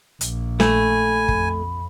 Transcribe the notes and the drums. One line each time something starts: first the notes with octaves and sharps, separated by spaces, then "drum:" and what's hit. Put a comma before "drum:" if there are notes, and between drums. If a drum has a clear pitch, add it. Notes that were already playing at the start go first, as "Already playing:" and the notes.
A#1, drum: hi-hat
A3 G#5 B5, drum: snare
F2, drum: kick